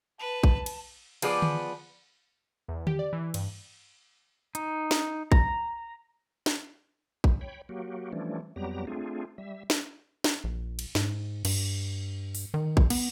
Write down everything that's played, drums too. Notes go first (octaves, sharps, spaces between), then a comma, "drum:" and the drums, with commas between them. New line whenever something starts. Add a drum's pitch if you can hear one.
B4 A5
drum: kick A1
drum: cymbal
F3 B3 G#4 D5, drum: cymbal
drum: tom D3
E2
G4, drum: tom D3
D5
E3
G2, drum: cymbal
D#4, drum: hi-hat
drum: snare
A#5, drum: kick A1
drum: snare
drum: kick A1
C#5 G5 B5
F#3 A#3 F#4 G4
E3 F3 G3 A3 C#4 D4
F2 F#3 G3 B3 G4 A#5
A3 C4 D4 F4 G#4
G3 E5
drum: snare
drum: snare
A#1
drum: cymbal
G#2, drum: snare
G2, drum: cymbal
drum: open hi-hat
D#3
drum: kick A1
B3, drum: cymbal